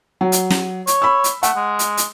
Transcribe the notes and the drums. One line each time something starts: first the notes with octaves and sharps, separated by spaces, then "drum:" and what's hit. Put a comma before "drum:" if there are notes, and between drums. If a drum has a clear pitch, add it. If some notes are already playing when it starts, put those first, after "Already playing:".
F#3
drum: hi-hat
drum: snare
C#5, drum: hi-hat
B5 E6
drum: hi-hat
A3 F#5, drum: hi-hat
G#3
drum: hi-hat
drum: hi-hat